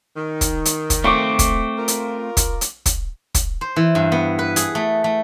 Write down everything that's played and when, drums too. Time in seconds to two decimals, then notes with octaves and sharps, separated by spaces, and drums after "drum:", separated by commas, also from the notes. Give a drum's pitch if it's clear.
0.17 D#3
0.41 drum: kick, hi-hat
0.65 drum: hi-hat
0.90 drum: kick, hi-hat
1.04 A3 C4 C#6 D6
1.39 drum: kick, hi-hat
1.78 F4 A#4
1.88 drum: hi-hat
2.37 drum: kick, hi-hat
2.61 drum: hi-hat
2.86 drum: kick, hi-hat
3.35 drum: kick, hi-hat
3.61 C5
3.76 E3
3.95 G2
4.12 B3
4.39 B4
4.56 G#4, drum: hi-hat
4.75 A3
5.04 A3